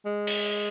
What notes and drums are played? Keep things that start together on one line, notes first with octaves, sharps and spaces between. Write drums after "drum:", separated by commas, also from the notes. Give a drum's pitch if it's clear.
G#3
drum: open hi-hat